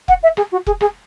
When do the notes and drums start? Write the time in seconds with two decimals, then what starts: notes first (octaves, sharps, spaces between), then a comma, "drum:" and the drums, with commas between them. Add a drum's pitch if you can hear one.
0.08 F#5, drum: kick F1
0.23 E5
0.37 G#4, drum: rim click
0.52 F#4
0.67 G#4, drum: kick F1
0.81 G#4, drum: rim click